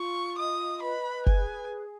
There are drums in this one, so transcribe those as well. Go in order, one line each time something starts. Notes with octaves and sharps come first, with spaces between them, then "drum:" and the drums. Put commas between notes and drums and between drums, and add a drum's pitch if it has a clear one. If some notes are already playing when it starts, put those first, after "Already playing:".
Already playing: F4 C#6
D#5 D#6
B4 B5
G#4 G#5, drum: kick F#1